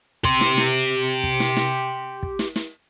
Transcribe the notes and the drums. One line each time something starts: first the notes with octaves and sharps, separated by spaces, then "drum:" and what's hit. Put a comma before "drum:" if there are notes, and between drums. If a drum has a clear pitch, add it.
G4 C6, drum: kick
drum: snare
drum: snare
drum: kick
drum: snare
drum: snare
drum: kick
drum: snare
drum: snare